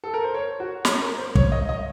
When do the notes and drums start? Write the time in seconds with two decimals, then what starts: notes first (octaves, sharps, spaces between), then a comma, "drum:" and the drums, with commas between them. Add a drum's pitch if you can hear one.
0.04 A4
0.14 A#4
0.24 C5
0.34 C#5
0.60 F#4
0.85 C#4, drum: snare
1.02 A#4
1.18 C5
1.35 C#5, drum: kick
1.52 D#5
1.69 D#5